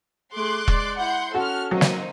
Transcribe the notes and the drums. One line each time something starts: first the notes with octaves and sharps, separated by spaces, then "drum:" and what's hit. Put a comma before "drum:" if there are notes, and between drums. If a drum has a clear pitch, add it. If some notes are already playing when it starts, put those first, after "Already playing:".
A3 G#4 C6 D6 F#6
G#3 D5, drum: kick E1
E4 F#5 C6 G6
C#4 F#4 A4 F6
F#3 A#3 C4 D#4
drum: snare